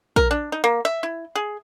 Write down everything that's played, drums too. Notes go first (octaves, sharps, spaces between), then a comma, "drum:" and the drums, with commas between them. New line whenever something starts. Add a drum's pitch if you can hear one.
A#4, drum: kick A#1
D4
D#4
A#3
E5
E4
G#4